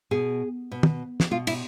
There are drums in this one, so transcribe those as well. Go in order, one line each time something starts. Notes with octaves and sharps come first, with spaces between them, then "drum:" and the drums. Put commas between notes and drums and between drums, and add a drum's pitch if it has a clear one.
B2 G#4
B2
drum: tom
drum: snare
B2 F4
E4, drum: cymbal